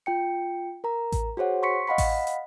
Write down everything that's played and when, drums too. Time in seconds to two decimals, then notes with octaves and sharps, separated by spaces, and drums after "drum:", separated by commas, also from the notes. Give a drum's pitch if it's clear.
0.06 F4 G5 C#7
0.84 A#4 A#5
1.12 drum: kick A1, hi-hat
1.37 F#4 G#4 C5 C#5 F#5
1.63 C6 C#6 B6 C#7
1.87 D#5 F5 F#5 B5 B6
1.98 drum: kick A1, open hi-hat
2.27 drum: hi-hat